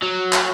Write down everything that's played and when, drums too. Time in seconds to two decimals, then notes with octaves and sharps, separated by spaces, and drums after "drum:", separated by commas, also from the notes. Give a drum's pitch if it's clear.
0.02 F#3
0.33 drum: clap